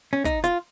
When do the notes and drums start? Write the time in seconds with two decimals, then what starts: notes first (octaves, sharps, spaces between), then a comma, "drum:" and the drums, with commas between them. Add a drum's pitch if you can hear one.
0.13 C#4
0.25 D#4, drum: kick, hi-hat
0.44 F4, drum: hi-hat